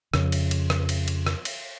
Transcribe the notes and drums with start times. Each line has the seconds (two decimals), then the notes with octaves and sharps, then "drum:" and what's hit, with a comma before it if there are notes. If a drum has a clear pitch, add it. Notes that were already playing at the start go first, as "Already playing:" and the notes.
0.14 F2 C#3, drum: rim click
0.32 drum: cymbal
0.51 drum: cymbal
0.70 drum: rim click
0.89 drum: cymbal
1.08 drum: cymbal
1.27 drum: rim click
1.45 drum: cymbal